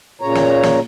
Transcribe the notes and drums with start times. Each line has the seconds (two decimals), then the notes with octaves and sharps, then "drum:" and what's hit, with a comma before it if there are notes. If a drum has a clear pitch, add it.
0.21 A#2 C#3 C#5 A#5
0.35 drum: snare
0.63 drum: snare